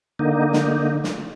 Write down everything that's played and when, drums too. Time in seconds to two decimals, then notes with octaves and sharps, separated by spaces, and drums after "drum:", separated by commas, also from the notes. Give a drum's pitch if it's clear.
0.19 D3 A#3 D#4
0.53 drum: snare
1.04 drum: snare